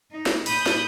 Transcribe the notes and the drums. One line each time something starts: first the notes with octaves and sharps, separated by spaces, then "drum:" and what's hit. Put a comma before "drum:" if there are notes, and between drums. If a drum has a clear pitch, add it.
D#4
drum: snare
A#2 B5 D#6 G6, drum: open hi-hat
drum: snare